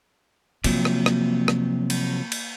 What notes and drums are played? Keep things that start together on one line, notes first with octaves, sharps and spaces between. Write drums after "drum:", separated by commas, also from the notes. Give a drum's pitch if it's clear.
C3 F3 F#3 A#3, drum: cymbal
drum: rim click
drum: rim click
drum: rim click
drum: cymbal
drum: cymbal